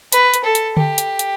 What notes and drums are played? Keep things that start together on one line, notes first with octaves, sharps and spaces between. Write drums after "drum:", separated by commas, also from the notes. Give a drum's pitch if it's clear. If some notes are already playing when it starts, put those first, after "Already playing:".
B4, drum: hi-hat
drum: hi-hat
A4
drum: hi-hat
G4, drum: tom D3
drum: hi-hat
drum: hi-hat